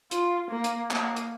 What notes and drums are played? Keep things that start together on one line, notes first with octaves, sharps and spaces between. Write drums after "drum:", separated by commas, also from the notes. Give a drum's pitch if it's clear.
F4, drum: hi-hat
A#3
drum: hi-hat
A#3, drum: clap
drum: hi-hat